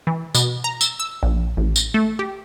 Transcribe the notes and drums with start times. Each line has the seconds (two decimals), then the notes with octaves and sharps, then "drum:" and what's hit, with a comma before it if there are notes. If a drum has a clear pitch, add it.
0.07 E3
0.35 B2, drum: tambourine
0.64 A#5
0.81 E6, drum: tambourine
1.00 E6
1.23 A#1
1.57 A1
1.76 drum: tambourine
1.94 A3
2.19 G4